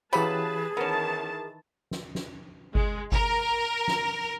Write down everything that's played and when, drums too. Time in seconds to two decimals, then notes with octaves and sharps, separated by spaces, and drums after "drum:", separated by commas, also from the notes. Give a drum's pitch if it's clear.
0.13 C#3 E3 F#3 G4 G#4 B4 A5 B5, drum: tambourine
0.77 D#3 E3 B3 C#4 A#4 A5
1.91 drum: snare
2.15 drum: snare
2.75 G#3, drum: kick G1
3.12 A#4, drum: kick G1
3.88 drum: snare